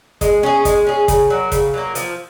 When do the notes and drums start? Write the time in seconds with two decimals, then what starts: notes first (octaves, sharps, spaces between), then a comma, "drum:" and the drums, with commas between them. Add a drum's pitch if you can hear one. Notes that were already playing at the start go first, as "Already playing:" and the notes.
0.21 G#3, drum: kick, hi-hat
0.43 C#4 G#4
0.65 G#3, drum: kick, hi-hat
0.86 C#4 G#4
1.08 C#3, drum: kick, hi-hat
1.30 F#3 A#3
1.52 C#3, drum: kick, hi-hat
1.74 F#3 A#3
1.95 F3, drum: hi-hat